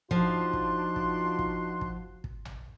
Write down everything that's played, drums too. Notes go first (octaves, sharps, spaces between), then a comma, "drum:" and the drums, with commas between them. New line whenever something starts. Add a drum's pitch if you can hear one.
F3 D4 D#4 F4 F#4 C6 F#6, drum: kick
drum: kick
drum: kick
drum: kick
drum: kick
drum: kick
drum: tom A#1